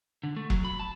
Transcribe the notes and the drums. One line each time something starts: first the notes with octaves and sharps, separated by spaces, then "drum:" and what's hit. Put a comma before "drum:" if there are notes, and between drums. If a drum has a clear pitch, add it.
D3
A3
F#3, drum: kick E1
B5
A5